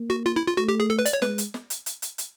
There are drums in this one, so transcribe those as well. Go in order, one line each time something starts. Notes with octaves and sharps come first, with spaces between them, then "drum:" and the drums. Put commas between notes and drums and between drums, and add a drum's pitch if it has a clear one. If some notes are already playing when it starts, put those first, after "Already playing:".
Already playing: A#3
F#4
F4
E4
F4
A3 F#4
G4
G#4
A4
B4
D5, drum: hi-hat
C#5
G#3 B4, drum: snare
drum: hi-hat
drum: snare
drum: hi-hat
drum: hi-hat
drum: hi-hat
drum: hi-hat